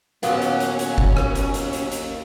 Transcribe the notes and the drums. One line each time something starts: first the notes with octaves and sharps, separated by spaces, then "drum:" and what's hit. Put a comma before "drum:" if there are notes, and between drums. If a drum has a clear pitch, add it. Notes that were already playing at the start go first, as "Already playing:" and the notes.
D#2 A#2 F#3 B3 C#4 F5, drum: hi-hat
drum: hi-hat
drum: hi-hat
drum: hi-hat
drum: kick F#1
drum: rim click
drum: hi-hat
drum: hi-hat
drum: hi-hat
drum: hi-hat